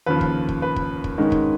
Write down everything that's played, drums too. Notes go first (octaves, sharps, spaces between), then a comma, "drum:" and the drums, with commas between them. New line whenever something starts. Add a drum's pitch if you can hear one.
D#2 C#3 F3 B4
drum: kick
drum: kick
B4
drum: kick
drum: kick
G#2 D#3 G#3 C#4
drum: kick